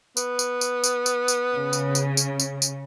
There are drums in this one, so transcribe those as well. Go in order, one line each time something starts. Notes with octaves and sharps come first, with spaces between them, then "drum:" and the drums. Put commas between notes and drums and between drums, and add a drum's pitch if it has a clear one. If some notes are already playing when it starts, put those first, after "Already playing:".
B3, drum: tambourine
drum: tambourine
drum: tambourine
drum: tambourine
drum: tambourine
drum: tambourine
C#3
drum: tambourine
drum: tambourine
drum: tambourine
drum: tambourine
drum: tambourine